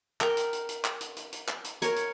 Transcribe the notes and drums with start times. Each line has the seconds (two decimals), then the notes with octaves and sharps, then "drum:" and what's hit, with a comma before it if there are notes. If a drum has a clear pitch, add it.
0.21 A#4 G5, drum: clap
0.37 drum: hi-hat
0.53 drum: hi-hat
0.69 drum: hi-hat
0.85 drum: clap
1.01 drum: hi-hat
1.17 drum: hi-hat
1.32 drum: hi-hat
1.48 drum: clap
1.64 drum: hi-hat
1.82 A#4 C#5, drum: hi-hat
1.96 drum: hi-hat